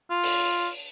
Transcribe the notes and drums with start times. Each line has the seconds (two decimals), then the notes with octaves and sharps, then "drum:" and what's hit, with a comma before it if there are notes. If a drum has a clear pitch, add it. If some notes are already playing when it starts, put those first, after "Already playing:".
0.10 F4
0.24 drum: open hi-hat